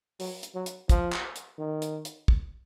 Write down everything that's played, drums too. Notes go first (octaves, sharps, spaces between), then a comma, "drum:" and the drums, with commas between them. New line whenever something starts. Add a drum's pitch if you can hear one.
F#3, drum: open hi-hat
drum: hi-hat
F#3
drum: hi-hat
F3, drum: kick, hi-hat
drum: clap
drum: hi-hat
D#3
drum: hi-hat
drum: hi-hat
drum: kick